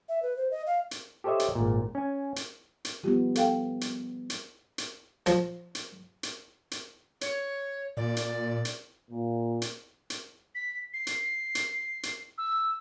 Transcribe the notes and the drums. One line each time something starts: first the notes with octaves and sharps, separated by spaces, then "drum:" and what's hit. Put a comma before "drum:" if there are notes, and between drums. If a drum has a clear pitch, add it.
E5
B4
C5
D#5
F5
drum: hi-hat
G4 A4 C5 C#5 D#5 E5
drum: hi-hat
G#1 A#2
C#4 G#5
drum: hi-hat
drum: hi-hat
F3 G3 B3 F4 G4
A4 F5 G5, drum: hi-hat
drum: hi-hat
drum: hi-hat
drum: hi-hat
F3, drum: hi-hat
drum: hi-hat
drum: hi-hat
drum: hi-hat
C#5, drum: hi-hat
A#2 D5
drum: hi-hat
drum: hi-hat
A#2
drum: hi-hat
drum: hi-hat
B6
C7
drum: hi-hat
drum: hi-hat
drum: hi-hat
E6